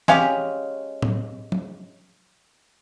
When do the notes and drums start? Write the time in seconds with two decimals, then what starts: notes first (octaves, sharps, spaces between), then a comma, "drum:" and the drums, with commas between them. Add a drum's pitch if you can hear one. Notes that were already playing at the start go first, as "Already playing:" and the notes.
0.08 G#3 C#4 G4 F5, drum: snare
1.02 drum: tom A2
1.52 drum: tom F3